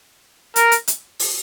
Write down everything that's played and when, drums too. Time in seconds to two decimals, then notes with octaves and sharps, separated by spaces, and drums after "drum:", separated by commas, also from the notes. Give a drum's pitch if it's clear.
0.56 A#4, drum: hi-hat
0.72 drum: hi-hat
0.88 drum: hi-hat
1.19 drum: open hi-hat